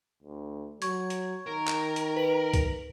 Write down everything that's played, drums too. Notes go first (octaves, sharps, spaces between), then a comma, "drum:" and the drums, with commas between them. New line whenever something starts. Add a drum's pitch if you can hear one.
D2
F#3 C#6 G#6, drum: hi-hat
drum: hi-hat
D#3 A#4
drum: clap
drum: hi-hat
B4 F#7
drum: kick C2, hi-hat